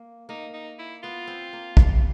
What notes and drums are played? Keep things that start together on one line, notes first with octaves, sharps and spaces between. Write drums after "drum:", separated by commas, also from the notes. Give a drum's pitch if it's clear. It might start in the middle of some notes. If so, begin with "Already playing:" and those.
Already playing: A#3
A#3 D#4
D#4
E4
B3 F4
C4
A#3
G3, drum: kick A#1